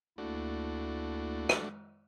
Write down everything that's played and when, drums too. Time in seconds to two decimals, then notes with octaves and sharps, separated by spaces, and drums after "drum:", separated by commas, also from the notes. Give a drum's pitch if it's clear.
0.18 D2 A3 A#3 D4 E4 F#4
1.49 drum: rim click